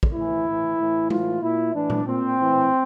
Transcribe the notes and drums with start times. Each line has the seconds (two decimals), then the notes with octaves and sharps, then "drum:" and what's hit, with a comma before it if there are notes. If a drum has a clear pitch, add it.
0.03 drum: kick
0.14 A2 E3 E4
0.46 A2 E3
0.78 A2 E3
1.10 A2 E3 F4, drum: tom G#3
1.41 A#2 E4
1.73 A2 E3 D4
1.90 drum: tom A#2
2.05 A#2 C4
2.38 A2 E3